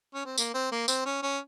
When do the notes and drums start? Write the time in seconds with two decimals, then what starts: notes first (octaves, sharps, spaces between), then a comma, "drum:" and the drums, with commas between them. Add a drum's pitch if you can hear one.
0.14 C#4
0.26 C4
0.38 A#3, drum: tambourine
0.54 C4
0.72 A#3
0.88 C4, drum: tambourine
1.05 C#4
1.23 C#4